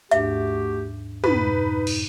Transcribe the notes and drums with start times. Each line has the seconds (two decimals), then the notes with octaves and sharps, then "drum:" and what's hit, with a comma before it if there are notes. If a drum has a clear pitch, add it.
0.11 D#2 G#2 A3 D4 F#4 G4 E5, drum: hi-hat
1.24 F2 G#2 B2 D#4 B4, drum: tom
1.87 drum: cymbal